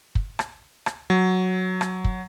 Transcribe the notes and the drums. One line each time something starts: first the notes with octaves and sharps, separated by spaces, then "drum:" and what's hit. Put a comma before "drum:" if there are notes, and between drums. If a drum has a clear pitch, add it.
drum: kick
drum: rim click
drum: rim click
F#3
drum: rim click
drum: kick